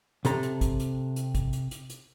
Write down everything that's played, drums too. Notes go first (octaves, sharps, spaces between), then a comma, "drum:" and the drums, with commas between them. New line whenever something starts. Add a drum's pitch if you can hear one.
C3 A4 A#5, drum: hi-hat
drum: hi-hat
drum: kick, hi-hat
drum: hi-hat
drum: hi-hat
drum: kick, hi-hat
drum: hi-hat
drum: hi-hat
drum: hi-hat